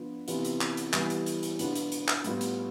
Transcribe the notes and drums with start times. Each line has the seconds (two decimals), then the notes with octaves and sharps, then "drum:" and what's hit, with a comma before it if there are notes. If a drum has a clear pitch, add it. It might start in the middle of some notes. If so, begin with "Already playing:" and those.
Already playing: F3 B3 D4 F4
0.28 C3 E3 B3 F4, drum: hi-hat
0.45 drum: hi-hat
0.61 drum: clap
0.77 drum: hi-hat
0.93 E3 G3 B3, drum: clap
1.10 drum: hi-hat
1.26 drum: hi-hat
1.43 drum: hi-hat
1.59 B2 B3 D4 F4, drum: hi-hat
1.75 drum: hi-hat
1.92 drum: hi-hat
2.08 drum: clap
2.24 A2 G3 B3 F4, drum: hi-hat
2.41 drum: hi-hat